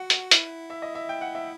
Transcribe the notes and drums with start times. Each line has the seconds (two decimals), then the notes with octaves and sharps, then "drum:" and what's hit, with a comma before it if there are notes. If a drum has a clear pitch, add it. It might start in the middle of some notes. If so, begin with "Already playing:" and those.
Already playing: F#4 F#5
0.10 drum: hi-hat
0.31 E4, drum: hi-hat
0.70 E5
0.82 D#5
0.95 E5
1.09 G5
1.21 F#5
1.35 E5